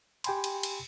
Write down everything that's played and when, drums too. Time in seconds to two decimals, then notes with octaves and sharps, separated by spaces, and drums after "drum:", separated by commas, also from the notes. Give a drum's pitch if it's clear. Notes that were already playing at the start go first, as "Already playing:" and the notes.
0.24 G4 G5 G#5 B5 C6, drum: cymbal
0.44 drum: cymbal
0.63 drum: cymbal